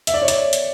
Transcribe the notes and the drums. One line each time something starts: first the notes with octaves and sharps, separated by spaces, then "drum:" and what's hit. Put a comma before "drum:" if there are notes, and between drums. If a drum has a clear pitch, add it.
E5, drum: hi-hat
D5
C#5
D5, drum: hi-hat
drum: hi-hat